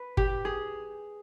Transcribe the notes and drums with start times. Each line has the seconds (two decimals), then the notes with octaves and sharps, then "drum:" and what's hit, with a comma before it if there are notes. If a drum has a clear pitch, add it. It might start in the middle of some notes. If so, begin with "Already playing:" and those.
Already playing: B4
0.17 G4, drum: kick G1
0.45 G#4